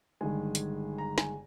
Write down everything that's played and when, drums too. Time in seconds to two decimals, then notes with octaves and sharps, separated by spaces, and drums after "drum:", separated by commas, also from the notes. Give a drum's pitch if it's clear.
0.21 G1 G2 D#3 G#3 G#5
0.55 drum: hi-hat
0.98 A#5
1.18 G#5, drum: snare